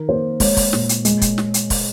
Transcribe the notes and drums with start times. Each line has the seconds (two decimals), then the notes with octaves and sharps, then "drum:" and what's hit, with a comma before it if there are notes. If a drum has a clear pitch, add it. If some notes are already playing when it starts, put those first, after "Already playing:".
Already playing: D#3 A#4
0.09 A#3 C5
0.40 G#3 C#5, drum: kick, open hi-hat
0.57 drum: kick, open hi-hat
0.73 A#2, drum: snare
0.89 drum: hi-hat
1.05 G#3, drum: hi-hat
1.22 drum: kick, hi-hat
1.38 drum: snare
1.54 drum: hi-hat
1.70 drum: kick, open hi-hat